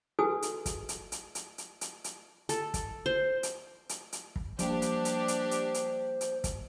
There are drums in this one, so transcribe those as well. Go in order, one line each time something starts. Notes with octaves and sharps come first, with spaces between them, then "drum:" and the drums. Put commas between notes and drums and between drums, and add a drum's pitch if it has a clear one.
F#4 G#4 A4 B4 G#5 D#6
drum: hi-hat
drum: kick, hi-hat
drum: hi-hat
drum: hi-hat
drum: hi-hat
drum: hi-hat
drum: hi-hat
drum: hi-hat
A4, drum: hi-hat
drum: kick, hi-hat
C5
drum: hi-hat
drum: hi-hat
drum: hi-hat
drum: kick
F3 G3 A#3 D4 G4 C5, drum: hi-hat
drum: hi-hat
drum: hi-hat
drum: hi-hat
drum: hi-hat
drum: hi-hat
drum: hi-hat
drum: kick, hi-hat